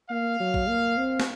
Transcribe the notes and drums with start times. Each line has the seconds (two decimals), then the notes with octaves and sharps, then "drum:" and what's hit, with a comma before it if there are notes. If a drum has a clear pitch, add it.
0.10 A#3 F5
0.40 F#3
0.54 drum: kick
0.69 A#3
0.97 C4
1.20 drum: snare